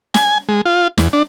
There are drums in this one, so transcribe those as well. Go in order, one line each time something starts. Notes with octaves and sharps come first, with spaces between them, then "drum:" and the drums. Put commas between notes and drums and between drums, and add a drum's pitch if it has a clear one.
G#5, drum: snare
G#3
F4
E2, drum: snare
D4